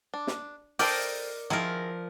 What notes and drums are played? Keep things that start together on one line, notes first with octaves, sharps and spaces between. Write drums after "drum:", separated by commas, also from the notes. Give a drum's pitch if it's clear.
D4
drum: snare
G4 A4 A#4 C5 D5 D#5, drum: open hi-hat
D#3 F3 E4 G#4 A#4